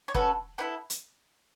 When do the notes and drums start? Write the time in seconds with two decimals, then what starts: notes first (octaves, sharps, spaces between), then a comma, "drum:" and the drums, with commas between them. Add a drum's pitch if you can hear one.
0.08 C#5
0.15 C#4 F#4 A4 B4, drum: kick
0.58 B3 E4 A4 B4
0.90 drum: hi-hat